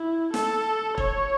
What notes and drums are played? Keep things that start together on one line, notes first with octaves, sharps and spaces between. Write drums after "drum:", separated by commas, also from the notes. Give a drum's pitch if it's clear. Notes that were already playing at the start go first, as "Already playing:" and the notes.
Already playing: E4
A4, drum: snare
C#5, drum: kick